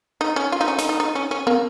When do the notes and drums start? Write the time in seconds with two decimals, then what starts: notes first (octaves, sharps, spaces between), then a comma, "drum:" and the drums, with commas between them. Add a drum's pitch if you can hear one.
0.21 D#4
0.36 C#4
0.52 F4
0.61 D#4
0.68 C#4
0.78 D#4, drum: snare
0.89 D#4
1.00 D#4
1.15 C#4
1.31 C#4
1.47 A#3, drum: tom